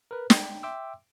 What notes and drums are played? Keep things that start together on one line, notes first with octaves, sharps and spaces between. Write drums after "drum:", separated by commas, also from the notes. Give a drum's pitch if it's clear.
A#4 B4
G5, drum: snare
E5 G5 C6 D6 E6